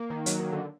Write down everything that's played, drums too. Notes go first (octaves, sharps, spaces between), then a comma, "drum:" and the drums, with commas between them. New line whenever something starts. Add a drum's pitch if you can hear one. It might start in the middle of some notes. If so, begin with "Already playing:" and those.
Already playing: A#3
D#3
F#3, drum: hi-hat
D#3
D3